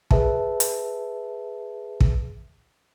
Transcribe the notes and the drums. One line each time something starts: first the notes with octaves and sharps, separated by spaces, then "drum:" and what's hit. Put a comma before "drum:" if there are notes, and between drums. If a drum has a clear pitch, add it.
G#4 B4 E5 A5, drum: kick
drum: hi-hat
drum: kick